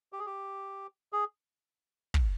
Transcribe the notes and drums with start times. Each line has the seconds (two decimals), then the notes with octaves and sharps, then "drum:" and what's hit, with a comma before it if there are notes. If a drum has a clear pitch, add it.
0.13 G4
0.19 G#4
0.26 G4
1.13 G#4
2.14 drum: kick